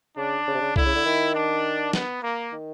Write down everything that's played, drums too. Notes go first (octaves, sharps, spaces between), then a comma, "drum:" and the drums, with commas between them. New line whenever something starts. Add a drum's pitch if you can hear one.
C#3 D4
C#3
C3
C#3
D3 E4, drum: kick C2
C#3
D3
D#3
D4
B3, drum: snare
A#3
D#3